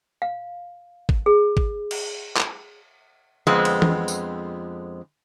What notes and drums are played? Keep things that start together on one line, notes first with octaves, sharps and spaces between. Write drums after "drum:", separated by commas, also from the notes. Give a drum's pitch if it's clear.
F5
drum: kick G#1
G#4
drum: kick G#1
drum: cymbal
drum: clap
F2 D3 F3 G#3 B3 C4
drum: cymbal
drum: tom E3
drum: tambourine